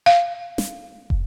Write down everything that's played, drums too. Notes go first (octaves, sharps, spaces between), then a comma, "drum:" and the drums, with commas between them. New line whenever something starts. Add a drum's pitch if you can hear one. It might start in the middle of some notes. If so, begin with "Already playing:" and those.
F5
drum: snare
drum: kick